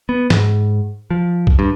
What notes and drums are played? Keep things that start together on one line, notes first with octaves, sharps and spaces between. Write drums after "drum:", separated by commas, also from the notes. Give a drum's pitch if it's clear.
B3
G#2, drum: snare
F3
drum: kick
G2